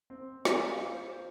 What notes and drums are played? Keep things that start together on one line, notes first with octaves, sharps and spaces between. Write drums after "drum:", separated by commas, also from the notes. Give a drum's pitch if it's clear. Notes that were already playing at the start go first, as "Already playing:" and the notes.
C4
G#4 G#5, drum: snare
F5
F4
C5